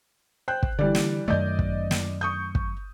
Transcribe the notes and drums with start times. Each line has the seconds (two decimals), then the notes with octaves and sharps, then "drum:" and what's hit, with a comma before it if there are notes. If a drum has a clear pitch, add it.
0.48 C5 G5 F#6
0.63 drum: kick
0.79 D3 E3 G3 D5
0.95 drum: snare
1.28 F#2 D#3 A3 D5 D#5 G6
1.59 drum: kick
1.91 drum: snare
2.21 C#6 D#6 G6
2.55 drum: kick